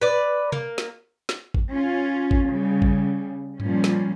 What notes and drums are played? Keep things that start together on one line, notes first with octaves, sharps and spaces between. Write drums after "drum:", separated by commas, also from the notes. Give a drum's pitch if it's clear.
B4 D5
A#3, drum: tom C3
drum: snare
drum: snare
drum: kick
C#4 F4
drum: kick
C#3 G3
drum: kick
A#2 F3 G3 C#4, drum: tom G2
drum: snare